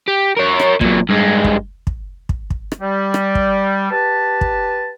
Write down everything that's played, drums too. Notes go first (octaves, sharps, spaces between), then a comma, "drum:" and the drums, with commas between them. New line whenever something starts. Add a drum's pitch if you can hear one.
G4
A#4 C#5
drum: rim click
A#2 F#3, drum: kick
G2 G#3
drum: kick
drum: kick
drum: kick
drum: kick
drum: rim click
G3
drum: rim click
drum: kick
G4 B4 A5
drum: kick